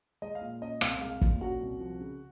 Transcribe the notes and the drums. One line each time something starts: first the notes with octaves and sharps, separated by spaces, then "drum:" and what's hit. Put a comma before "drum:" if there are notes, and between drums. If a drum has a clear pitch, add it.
G#3 D#5
F5
A#2
C#4 D#5
C2 F5, drum: rim click
G#3 F5
A#2, drum: kick
C#4 F#4 F#5
C2
F3
C#3